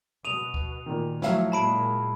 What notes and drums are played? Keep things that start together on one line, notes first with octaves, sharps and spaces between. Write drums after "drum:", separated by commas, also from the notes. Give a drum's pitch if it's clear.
B2 D#6 D#7 F7
drum: kick D2
A#2 D#3
F3 F#3 A3 E4 F5, drum: snare
A#2 G#3 A5 B5 D7